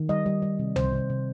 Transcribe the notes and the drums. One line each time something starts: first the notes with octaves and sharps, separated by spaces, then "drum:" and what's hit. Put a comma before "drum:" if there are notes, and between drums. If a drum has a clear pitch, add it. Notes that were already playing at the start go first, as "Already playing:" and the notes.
Already playing: D#3
G3 D#5
G3
G3
C3
C3 C5, drum: tom C2
C3
C3